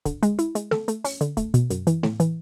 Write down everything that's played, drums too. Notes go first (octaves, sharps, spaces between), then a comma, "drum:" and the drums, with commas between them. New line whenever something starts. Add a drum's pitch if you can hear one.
D3, drum: kick, hi-hat
G#3, drum: hi-hat
E4, drum: hi-hat
G#3, drum: hi-hat
A4, drum: snare A3
A3, drum: hi-hat
C#4, drum: open hi-hat
D3, drum: hi-hat
A3, drum: kick, hi-hat
B2, drum: hi-hat
F#2, drum: hi-hat
E3, drum: hi-hat
A2, drum: snare A3
E3, drum: hi-hat